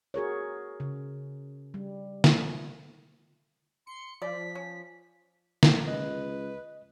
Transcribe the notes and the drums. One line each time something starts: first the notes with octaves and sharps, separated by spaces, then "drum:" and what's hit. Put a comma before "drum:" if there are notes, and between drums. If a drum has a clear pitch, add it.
F#4 G#4 A#4 C#5
C#3
G3
drum: snare
C6 C#7
F3 D5 B6
C#4
drum: snare
C#2 B4 D#5